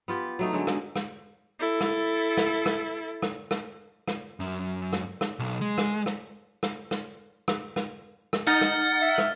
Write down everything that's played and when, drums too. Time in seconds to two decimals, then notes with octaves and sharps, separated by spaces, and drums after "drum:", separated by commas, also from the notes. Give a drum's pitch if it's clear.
0.08 B3 F4 G4
0.39 F#3 A3 D#4
0.53 D3 F#3 G#3
0.67 drum: rim click
0.96 drum: rim click
1.60 E4 A4
1.81 drum: rim click
2.37 drum: rim click
2.66 drum: rim click
3.22 drum: rim click
3.51 drum: rim click
4.08 drum: rim click
4.40 F#2
4.93 drum: rim click
5.21 drum: rim click
5.39 B1
5.61 G#3
5.78 drum: rim click
6.06 drum: rim click
6.63 drum: rim click
6.91 drum: rim click
7.48 drum: rim click
7.76 drum: rim click
8.33 drum: rim click
8.47 D#4 F#5 F6 A6
8.61 drum: rim click
9.02 E5
9.18 drum: rim click